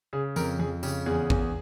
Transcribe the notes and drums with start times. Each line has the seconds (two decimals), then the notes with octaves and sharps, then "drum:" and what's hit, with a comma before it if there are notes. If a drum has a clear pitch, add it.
0.13 C#3 G#4
0.36 F2 A#4, drum: tambourine
0.59 F2 G#4
0.83 C#3 G4, drum: tambourine
1.06 E2 G#4
1.30 E2, drum: kick A1